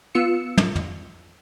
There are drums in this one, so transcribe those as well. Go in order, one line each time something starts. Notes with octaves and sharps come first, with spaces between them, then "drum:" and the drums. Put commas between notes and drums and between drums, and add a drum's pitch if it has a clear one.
B3 F4 E6 C#7
drum: tom
drum: tom